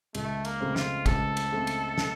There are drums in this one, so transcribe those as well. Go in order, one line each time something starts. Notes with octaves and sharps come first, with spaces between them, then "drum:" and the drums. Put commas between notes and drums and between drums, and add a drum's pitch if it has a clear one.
C#2 A3, drum: cymbal
A#3, drum: cymbal
C#3 A3 C4
F4, drum: snare
C#2 A4, drum: kick, cymbal
drum: cymbal
C#3 A3 C4
drum: cymbal
drum: snare